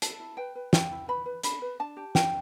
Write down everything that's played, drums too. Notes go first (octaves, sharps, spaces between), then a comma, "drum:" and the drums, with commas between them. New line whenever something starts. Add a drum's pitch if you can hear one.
E4 A5, drum: hi-hat
E4
B4 G5
B4
E4 G5, drum: snare
E4
B4 B5
B4
D4 B5, drum: hi-hat
B4
D4 A5
G4
D4 G5, drum: snare